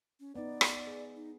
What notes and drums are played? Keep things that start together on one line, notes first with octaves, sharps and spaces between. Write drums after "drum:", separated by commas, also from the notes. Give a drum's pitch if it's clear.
C#4
B3 D#4 D5
drum: rim click
G#4
D#4